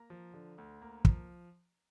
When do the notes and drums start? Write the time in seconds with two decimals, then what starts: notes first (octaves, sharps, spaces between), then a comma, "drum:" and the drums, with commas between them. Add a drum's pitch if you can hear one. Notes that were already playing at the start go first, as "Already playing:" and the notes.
Already playing: A#3 A#5
0.10 F3
0.34 D3
0.58 D2
0.82 A#3
1.05 F3, drum: kick